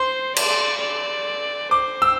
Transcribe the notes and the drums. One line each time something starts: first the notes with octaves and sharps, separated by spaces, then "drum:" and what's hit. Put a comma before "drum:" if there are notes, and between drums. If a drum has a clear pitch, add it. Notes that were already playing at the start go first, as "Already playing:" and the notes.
Already playing: C5 C6
D5, drum: cymbal
D5
C5 D6
E6